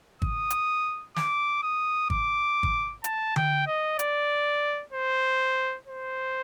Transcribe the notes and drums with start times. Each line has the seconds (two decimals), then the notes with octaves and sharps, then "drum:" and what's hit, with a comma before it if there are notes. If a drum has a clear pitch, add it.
0.22 D#6, drum: kick G#1
0.50 drum: hi-hat
1.16 D6, drum: snare
1.63 D#6
2.10 D6, drum: kick G#1
2.63 drum: kick G#1
3.04 A5, drum: hi-hat
3.36 G5, drum: tom D3
3.67 D#5
3.99 D5, drum: hi-hat
4.93 C5
5.87 C5